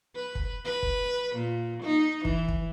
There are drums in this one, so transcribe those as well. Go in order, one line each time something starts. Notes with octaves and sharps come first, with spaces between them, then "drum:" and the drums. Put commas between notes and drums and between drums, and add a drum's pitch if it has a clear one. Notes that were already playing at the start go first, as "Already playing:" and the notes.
B4
drum: kick
B4
drum: kick
A#2
D#4
E3, drum: kick
drum: kick